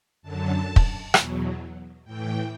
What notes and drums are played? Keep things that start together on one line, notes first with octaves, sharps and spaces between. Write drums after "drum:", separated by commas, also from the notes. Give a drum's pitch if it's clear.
F#2 D3 F#3 A5
drum: kick
E2 B2 F#3, drum: rim click
A2 E3 G5